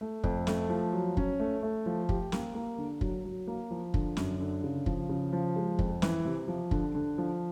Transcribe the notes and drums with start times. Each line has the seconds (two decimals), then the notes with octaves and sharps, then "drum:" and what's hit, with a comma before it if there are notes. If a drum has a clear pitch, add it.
0.01 A3
0.24 F2, drum: kick
0.47 A3, drum: snare
0.70 F3
0.93 F#3
1.17 C#4, drum: kick
1.40 A3
1.63 A3
1.86 F3
2.09 G4, drum: kick
2.32 A#3, drum: snare
2.55 A#3
2.78 D3
3.01 F#3, drum: kick
3.25 F#3
3.47 A#3
3.71 F3
3.94 D3, drum: kick
4.17 F#2, drum: snare
4.40 D3
4.64 C#3
4.86 F3, drum: kick
5.09 C#3
5.33 F3
5.56 G#3
5.79 F2, drum: kick
6.02 E3, drum: snare
6.25 C3
6.48 F3
6.71 D3, drum: kick
6.95 D3
7.18 F3